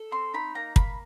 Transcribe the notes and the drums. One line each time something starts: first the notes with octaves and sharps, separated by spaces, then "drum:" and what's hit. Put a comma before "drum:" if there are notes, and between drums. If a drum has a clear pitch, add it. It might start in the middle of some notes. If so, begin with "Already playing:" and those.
Already playing: A4
C4 C6
D#4 B5
A#3 A#5
A#3 B5, drum: kick